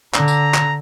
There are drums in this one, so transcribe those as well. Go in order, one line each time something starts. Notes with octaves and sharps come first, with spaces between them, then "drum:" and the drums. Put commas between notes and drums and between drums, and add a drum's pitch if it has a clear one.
D3 A#5, drum: clap
drum: tambourine
drum: clap